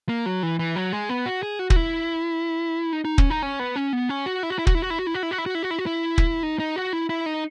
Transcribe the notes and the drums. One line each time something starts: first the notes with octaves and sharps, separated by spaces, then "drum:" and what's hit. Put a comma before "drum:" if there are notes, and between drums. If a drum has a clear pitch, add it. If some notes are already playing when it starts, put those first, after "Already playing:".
A#3
F#3
E3
E3
F#3
G#3
B3
F#4
G#4
F#4
F#4, drum: kick
E4
D#4
D#4
C#4, drum: kick
D#4
C#4
B3
C#4
B3
C#4
F#4
E4
F#4
E4
F#4, drum: kick
E4
F#4
E4
F#4
E4
F#4
E4
F#4
E4
F#4
E4
F#4
E4
F#4
E4
drum: kick
D#4
D#4
F#4
E4
E4
D#4